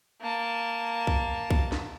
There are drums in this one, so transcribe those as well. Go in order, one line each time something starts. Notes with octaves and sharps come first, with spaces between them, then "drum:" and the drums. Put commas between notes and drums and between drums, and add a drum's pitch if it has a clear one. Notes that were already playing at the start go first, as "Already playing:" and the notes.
A#3 A5
drum: kick
drum: kick
drum: snare